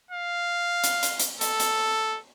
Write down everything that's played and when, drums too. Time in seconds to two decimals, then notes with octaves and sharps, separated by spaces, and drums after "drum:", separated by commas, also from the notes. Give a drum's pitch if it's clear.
0.11 F5
0.84 drum: hi-hat
1.03 drum: hi-hat
1.20 drum: hi-hat
1.41 A4, drum: hi-hat
1.60 drum: hi-hat